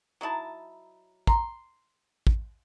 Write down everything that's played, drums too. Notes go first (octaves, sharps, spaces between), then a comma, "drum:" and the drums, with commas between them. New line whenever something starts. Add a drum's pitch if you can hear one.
F#3 D#4 E4 A5
A#5 C6, drum: kick
drum: kick